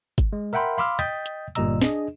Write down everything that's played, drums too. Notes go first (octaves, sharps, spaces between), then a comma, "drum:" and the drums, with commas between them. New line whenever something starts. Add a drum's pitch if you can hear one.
drum: kick, hi-hat
G#3
A#4 E5 F#5 G5 B5 C6
F5 B5 C6 D6 E6 F6
D#5 G5 D#6 G6 A6 B6, drum: hi-hat
drum: hi-hat
G1 A#2 G3 D#5 A#5 E6, drum: hi-hat
D4 G#4 D#5, drum: snare